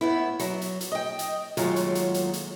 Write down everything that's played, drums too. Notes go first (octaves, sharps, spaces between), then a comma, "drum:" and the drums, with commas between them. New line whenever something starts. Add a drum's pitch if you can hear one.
A2 B3 E4
F#3, drum: hi-hat
drum: hi-hat
drum: hi-hat
D#5 G5
drum: hi-hat
D#2 F#3 G#3 A3 F4 C#5, drum: hi-hat
drum: hi-hat
drum: hi-hat
drum: hi-hat
drum: hi-hat